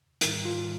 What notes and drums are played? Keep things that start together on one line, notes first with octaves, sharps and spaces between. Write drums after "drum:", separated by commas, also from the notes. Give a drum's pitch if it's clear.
G#2 D#3 G3 A#4, drum: hi-hat
F4